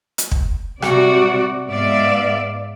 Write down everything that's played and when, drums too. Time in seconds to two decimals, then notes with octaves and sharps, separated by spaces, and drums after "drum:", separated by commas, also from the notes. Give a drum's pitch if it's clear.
0.18 drum: hi-hat
0.31 drum: kick
0.82 C3 G3 F#4 D5, drum: rim click
1.70 G#2 B3 D5 E5 F5